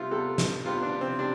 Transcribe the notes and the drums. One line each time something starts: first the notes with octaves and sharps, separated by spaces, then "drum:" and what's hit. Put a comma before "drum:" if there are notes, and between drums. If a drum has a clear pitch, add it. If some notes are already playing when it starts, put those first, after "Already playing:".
Already playing: C3 G3 B3 F4 E5
C3 G3 B3 A4
drum: snare
C3 G3 B3 F4
D4
C4
C3 G3 D4